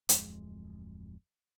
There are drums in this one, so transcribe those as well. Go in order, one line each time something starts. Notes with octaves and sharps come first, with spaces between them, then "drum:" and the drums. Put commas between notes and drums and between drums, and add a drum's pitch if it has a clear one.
D1 F2 G#3, drum: hi-hat